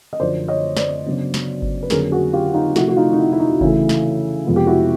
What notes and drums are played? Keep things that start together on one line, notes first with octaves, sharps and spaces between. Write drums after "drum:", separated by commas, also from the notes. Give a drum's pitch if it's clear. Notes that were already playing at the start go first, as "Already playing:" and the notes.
D#5
F#2 D3 F3 C5 D5
C#5 D#5
C5 D5, drum: snare
C#3 F#3 B3 D4
drum: snare
drum: kick G1
B4
F2 D3 F#3 A#3 C#4 G#4 A#4, drum: snare
F#4 G#4
F4 G4
D#4 F4
C3 F3 A3 E4 F#4, drum: snare
F#4
D#4 F4
D#4
E4
E4
D#4
C#3 E3 A3 E4, drum: kick G1
drum: snare
F2 C3 F3 G#3 B3
G4
E4 F#4